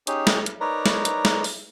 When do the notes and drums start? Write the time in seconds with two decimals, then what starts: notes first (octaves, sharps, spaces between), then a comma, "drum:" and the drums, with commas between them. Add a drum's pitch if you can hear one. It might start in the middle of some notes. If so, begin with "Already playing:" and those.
0.07 C#4 D#4 G4 G#4 C#5, drum: hi-hat
0.27 drum: snare
0.46 drum: hi-hat
0.61 D#4 A#4 B4 C#5 D5 A#5
0.86 drum: snare
1.05 drum: hi-hat
1.25 drum: snare
1.44 drum: open hi-hat